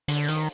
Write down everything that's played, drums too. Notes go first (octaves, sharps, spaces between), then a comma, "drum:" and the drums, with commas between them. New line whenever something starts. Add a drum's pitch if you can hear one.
D3, drum: hi-hat
D#3, drum: hi-hat